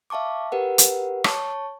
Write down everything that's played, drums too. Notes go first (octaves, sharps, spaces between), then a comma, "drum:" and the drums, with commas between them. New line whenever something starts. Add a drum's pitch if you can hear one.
E5 F5 A5 C#6 D6
G4 A#4 B4 F#5
drum: hi-hat
C#5 A5 C#6, drum: rim click